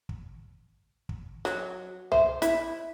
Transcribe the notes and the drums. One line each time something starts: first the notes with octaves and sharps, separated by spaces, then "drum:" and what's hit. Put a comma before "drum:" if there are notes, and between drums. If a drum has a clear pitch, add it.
drum: kick
drum: kick
F#3, drum: snare
C5 E5, drum: tom A#1
E4, drum: hi-hat